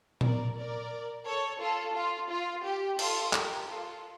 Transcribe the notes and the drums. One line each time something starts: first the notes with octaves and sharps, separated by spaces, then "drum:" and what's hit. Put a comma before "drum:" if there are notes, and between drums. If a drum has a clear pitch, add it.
A#4 D5, drum: tom A#2
A#4 D5
A4 C#5
F4 A4
F4
F4
G4
F4 A4, drum: cymbal
G4 A#4, drum: clap
F4 A4